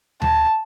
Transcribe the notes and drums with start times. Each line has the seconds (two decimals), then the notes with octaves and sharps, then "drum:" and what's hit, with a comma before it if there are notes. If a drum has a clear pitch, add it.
0.22 A5, drum: tom D2